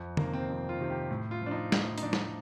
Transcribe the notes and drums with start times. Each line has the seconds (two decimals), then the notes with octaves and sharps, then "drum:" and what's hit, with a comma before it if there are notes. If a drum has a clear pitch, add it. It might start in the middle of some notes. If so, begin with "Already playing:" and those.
Already playing: F2
0.17 C3 D#3 A#3, drum: tom
0.33 C4
0.48 F2
0.69 F4
0.80 C3 D#3
0.90 G4
1.11 A2
1.31 F4
1.42 F3 D4
1.51 D#4
1.72 A2 D#4, drum: snare
1.98 D#4, drum: hi-hat
2.02 F3 D4
2.13 drum: snare